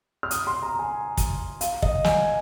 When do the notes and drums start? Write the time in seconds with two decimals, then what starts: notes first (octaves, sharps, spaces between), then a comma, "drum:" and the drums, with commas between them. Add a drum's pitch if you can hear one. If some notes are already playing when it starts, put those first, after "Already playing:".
0.23 F6
0.31 D#6, drum: hi-hat
0.47 C6
0.63 A#5
0.79 G#5
1.17 drum: kick, hi-hat
1.61 F5, drum: hi-hat
1.82 D#5, drum: kick
2.04 G#5, drum: snare